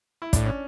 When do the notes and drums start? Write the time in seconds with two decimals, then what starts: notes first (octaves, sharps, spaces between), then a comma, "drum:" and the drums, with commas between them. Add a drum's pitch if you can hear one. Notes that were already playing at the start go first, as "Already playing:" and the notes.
0.22 E4
0.33 A2 D4, drum: kick, hi-hat
0.46 C#4